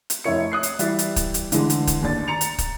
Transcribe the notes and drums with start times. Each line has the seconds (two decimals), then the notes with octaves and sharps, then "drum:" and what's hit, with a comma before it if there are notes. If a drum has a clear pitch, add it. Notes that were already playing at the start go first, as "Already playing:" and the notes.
0.10 drum: hi-hat
0.24 F1 E4 C#5 C#7
0.52 D#6 F#6 C7
0.63 drum: hi-hat
0.79 E3 G3 E5 A6, drum: hi-hat
0.99 drum: hi-hat
1.16 drum: kick, hi-hat
1.34 drum: hi-hat
1.52 D3 E3 G#3, drum: hi-hat
1.70 drum: hi-hat
1.87 drum: kick, hi-hat
2.02 D#2 D4 A6
2.28 A#5 A6 C#7 F7
2.41 drum: hi-hat
2.58 drum: kick, hi-hat